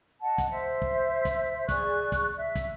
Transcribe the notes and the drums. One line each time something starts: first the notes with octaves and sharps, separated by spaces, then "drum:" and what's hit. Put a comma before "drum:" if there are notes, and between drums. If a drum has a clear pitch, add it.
D#5 F#5 A5
drum: kick, hi-hat
C5 E5
drum: kick
drum: kick, hi-hat
G#4 D5 C#6 F#6, drum: kick, hi-hat
drum: kick, hi-hat
E5
drum: kick, hi-hat